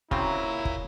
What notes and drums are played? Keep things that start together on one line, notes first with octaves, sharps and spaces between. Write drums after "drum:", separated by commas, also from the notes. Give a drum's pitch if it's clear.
C#3 F#3 C4 E4 F4 G#4 A#4, drum: kick
drum: kick